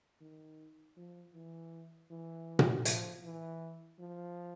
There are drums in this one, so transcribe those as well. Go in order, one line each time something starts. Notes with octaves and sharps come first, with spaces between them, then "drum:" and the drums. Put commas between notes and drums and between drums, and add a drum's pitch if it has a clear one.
D#3
F3
E3
E3
drum: tom A#2
F3, drum: hi-hat
E3
F3